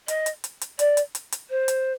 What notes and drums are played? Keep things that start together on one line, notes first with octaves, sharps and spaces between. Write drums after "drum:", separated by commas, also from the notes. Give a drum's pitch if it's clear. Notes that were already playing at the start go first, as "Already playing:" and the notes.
D#5, drum: hi-hat
drum: hi-hat
drum: hi-hat
drum: hi-hat
D5, drum: hi-hat
drum: hi-hat
drum: hi-hat
drum: hi-hat
C5
drum: hi-hat